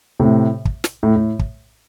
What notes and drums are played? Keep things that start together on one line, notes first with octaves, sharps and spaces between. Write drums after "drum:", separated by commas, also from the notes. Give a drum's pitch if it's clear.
A2 C3
drum: kick
drum: snare
A2
A2
drum: kick